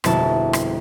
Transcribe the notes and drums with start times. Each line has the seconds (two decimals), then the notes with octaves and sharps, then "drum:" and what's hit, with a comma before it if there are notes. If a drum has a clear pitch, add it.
0.04 G1 F2 B2 G#3 E4 A5, drum: rim click
0.53 drum: rim click